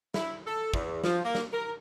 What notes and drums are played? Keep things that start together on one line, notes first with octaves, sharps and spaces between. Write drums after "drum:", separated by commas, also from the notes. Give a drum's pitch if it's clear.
E4, drum: snare
A4
E2, drum: kick
F3, drum: snare
A#3
drum: snare
A#4